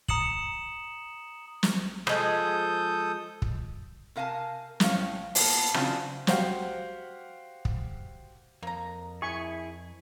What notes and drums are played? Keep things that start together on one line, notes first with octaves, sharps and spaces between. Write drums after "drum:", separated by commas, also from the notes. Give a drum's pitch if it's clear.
A#5 D#6 C#7 E7 F#7, drum: kick
drum: snare
F3 G#3 A4 D#6 G6, drum: rim click
drum: kick
C3 A#4 F5 G#5 A5
A2 C#4 D#4 F5, drum: snare
A#2 B3 A5, drum: open hi-hat
C#3 E3 F#3 C4 D4 F4, drum: rim click
F#4 G4 C5 F5 F#5, drum: snare
drum: kick
F2 A#3 A#5
E4 G#4 G#5 C#6